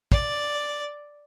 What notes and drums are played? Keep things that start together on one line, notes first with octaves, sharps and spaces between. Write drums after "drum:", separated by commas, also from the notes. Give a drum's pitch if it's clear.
D5, drum: kick